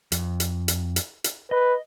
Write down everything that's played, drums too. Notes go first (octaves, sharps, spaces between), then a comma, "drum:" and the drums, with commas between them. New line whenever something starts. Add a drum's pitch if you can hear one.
F2, drum: hi-hat
drum: hi-hat
drum: hi-hat
drum: hi-hat
drum: hi-hat
B4 D#5